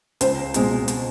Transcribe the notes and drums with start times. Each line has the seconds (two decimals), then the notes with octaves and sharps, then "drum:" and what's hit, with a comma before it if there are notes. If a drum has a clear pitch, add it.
0.21 C#2 C5, drum: hi-hat
0.54 B2 G#3 C4, drum: hi-hat
0.88 drum: hi-hat